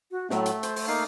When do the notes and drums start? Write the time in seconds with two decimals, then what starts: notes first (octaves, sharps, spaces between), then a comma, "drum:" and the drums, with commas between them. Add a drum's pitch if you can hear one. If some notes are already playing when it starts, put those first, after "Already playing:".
0.11 F#4
0.30 A2 F#3 A3, drum: snare
0.46 drum: hi-hat
0.63 C5, drum: hi-hat
0.76 drum: open hi-hat
0.88 A#3 D#4 F5